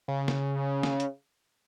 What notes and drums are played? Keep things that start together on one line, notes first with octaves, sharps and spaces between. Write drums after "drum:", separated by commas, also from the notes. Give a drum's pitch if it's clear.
C#3
drum: snare
drum: snare
drum: hi-hat